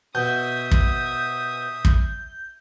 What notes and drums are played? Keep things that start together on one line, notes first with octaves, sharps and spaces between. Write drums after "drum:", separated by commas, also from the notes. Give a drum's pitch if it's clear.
B2 E5 D#6 G6
drum: kick
drum: kick